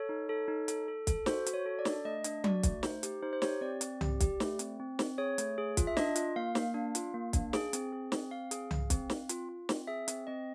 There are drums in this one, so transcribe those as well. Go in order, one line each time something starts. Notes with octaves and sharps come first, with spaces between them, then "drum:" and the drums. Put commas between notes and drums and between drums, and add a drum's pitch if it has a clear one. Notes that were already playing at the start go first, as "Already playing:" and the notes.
Already playing: A4 C#5
D#4
A4
D#4
A4, drum: hi-hat
A4
A4, drum: kick, hi-hat
F#4 C5, drum: snare
F#4, drum: hi-hat
C#5
A4
D5
D4, drum: snare
A3 D#5
D4, drum: hi-hat
F#4 D5, drum: tom F#3
A3, drum: kick, hi-hat
D#4 C5, drum: snare
G4, drum: hi-hat
D#4 C5
C5
G4 C#5, drum: snare
C4 D5
C4, drum: hi-hat
G4, drum: tom C2
G4, drum: kick, hi-hat
A3, drum: snare
C4, drum: hi-hat
C4
C4, drum: snare
G#4 C#5
A3, drum: hi-hat
G#4
F4, drum: kick, hi-hat
E5
D4 D#5, drum: snare
F4, drum: hi-hat
A#3 F5
A#3, drum: snare
D4
F4, drum: hi-hat
A#3
D4, drum: kick, hi-hat
G#4, drum: snare
C4, drum: hi-hat
G#4
C4, drum: snare
C4 F5
G#4, drum: hi-hat
G#4, drum: tom C2
C4, drum: kick, hi-hat
C4, drum: snare
F4, drum: hi-hat
F4
C4, drum: snare
G#4 E5
C4, drum: hi-hat
C4 D#5